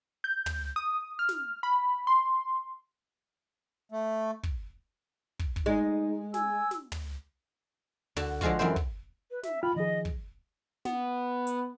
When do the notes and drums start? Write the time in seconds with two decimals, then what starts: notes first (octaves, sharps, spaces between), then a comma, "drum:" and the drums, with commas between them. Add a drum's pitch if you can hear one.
0.24 G6
0.46 drum: tom
0.76 D#6
1.19 F6
1.29 drum: snare
1.63 B5
2.07 C6
3.92 A3
4.43 drum: kick
5.39 drum: kick
5.56 drum: kick
5.66 G#3 D#4
6.34 G#5 E6, drum: snare
6.71 drum: snare
6.92 drum: tom
8.16 D3 F#4 A5, drum: tom
8.41 D3 F3 G#3 F4 F#4, drum: kick
8.59 F#2 E3 C4 C5
8.76 drum: kick
9.31 B4
9.43 E5, drum: snare
9.63 F4 G5 B5 F6
9.76 D#3 F3 G#4 D#5
10.05 drum: kick
10.85 B3, drum: snare
11.47 drum: hi-hat